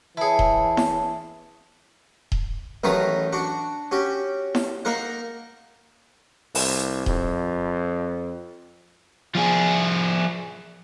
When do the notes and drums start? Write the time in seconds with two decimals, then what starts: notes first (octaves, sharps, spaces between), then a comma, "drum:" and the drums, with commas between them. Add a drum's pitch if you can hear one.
0.17 E3 E4 G#4 C#5 A5
0.39 drum: kick D#1
0.77 drum: snare E4
2.32 drum: kick D#1
2.84 A1 D#3 F#3 B4 A#5 D#6
3.32 D4 F#4 F#5
3.91 C#4 F#4 G4
4.55 drum: snare E4
4.85 A#3 D#4 A#4 F#5
6.55 C2, drum: open hi-hat
7.06 F2, drum: kick D#1
9.35 F3 G#4